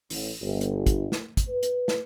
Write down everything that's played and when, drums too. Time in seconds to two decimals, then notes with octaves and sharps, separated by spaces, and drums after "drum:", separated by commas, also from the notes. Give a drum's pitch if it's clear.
0.10 A1, drum: open hi-hat
0.42 G1
0.61 drum: hi-hat
0.86 drum: kick, hi-hat
1.12 drum: snare
1.37 drum: kick, hi-hat
1.48 B4
1.63 drum: hi-hat
1.88 drum: snare